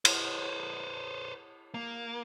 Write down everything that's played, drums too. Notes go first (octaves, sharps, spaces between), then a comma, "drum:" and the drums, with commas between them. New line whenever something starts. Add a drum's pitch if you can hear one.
B4 C5, drum: cymbal
A#3